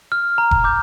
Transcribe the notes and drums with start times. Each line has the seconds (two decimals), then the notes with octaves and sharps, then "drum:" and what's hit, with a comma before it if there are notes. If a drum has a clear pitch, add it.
0.12 F6
0.38 A#5
0.51 drum: kick F1
0.64 D6 G6